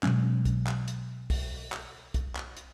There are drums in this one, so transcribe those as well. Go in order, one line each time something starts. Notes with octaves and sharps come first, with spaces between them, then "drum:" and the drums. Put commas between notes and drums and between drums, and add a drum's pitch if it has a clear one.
B2 F#3 G#3 C#4, drum: clap
drum: kick, hi-hat
drum: clap
drum: hi-hat
drum: kick, open hi-hat
drum: clap
drum: kick, hi-hat
drum: clap
drum: hi-hat